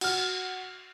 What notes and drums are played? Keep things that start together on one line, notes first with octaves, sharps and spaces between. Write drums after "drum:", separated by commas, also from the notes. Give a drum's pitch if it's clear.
F#4 F6, drum: cymbal